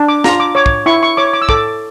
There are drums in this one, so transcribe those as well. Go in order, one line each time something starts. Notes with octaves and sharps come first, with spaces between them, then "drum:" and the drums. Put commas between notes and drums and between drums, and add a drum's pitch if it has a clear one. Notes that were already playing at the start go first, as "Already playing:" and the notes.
Already playing: D4
D6
F4 A#5, drum: snare
D6
C#5 D6
drum: kick
E4 C#6
C#6
C#5 D6
D6
E6
A4 D6, drum: kick